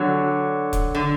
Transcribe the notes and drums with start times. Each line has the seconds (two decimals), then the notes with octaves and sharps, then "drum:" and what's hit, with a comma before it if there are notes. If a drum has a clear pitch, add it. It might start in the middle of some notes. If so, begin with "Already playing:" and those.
Already playing: D3 F#3
0.73 drum: kick E1, hi-hat
0.95 D3